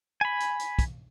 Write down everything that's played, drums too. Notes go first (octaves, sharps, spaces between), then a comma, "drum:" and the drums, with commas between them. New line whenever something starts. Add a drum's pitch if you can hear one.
G#5 B5
drum: hi-hat
drum: hi-hat
drum: kick, hi-hat